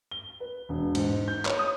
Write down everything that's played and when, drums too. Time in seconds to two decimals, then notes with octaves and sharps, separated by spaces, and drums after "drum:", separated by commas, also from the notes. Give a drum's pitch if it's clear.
0.11 G7
0.40 B4
0.69 E1
0.95 G#2, drum: cymbal
1.28 G6
1.45 C#5, drum: clap
1.59 D#6